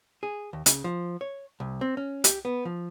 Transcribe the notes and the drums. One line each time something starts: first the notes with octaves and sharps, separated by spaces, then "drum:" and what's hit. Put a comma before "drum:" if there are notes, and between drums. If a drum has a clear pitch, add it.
G#4
D#2
C#3, drum: hi-hat
F3
C#5
C2
C4
C#4
G4, drum: hi-hat
B3
F3